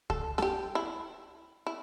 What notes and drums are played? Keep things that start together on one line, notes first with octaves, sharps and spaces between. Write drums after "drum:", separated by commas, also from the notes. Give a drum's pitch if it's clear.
A4, drum: kick C#2
A4, drum: snare
G4
E4
E4